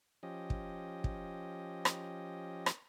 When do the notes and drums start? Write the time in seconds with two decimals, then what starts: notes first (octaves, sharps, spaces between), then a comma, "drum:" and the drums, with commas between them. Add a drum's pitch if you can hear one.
0.23 F3 C#4 G4 D#5
0.50 drum: kick
1.04 drum: kick
1.85 drum: rim click
2.66 drum: rim click